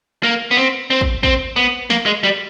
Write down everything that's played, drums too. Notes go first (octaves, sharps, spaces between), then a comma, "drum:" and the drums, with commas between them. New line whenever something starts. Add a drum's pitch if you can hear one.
A#3
B3
C4
C4
drum: kick
C4, drum: kick
B3
A#3, drum: snare
G#3
G3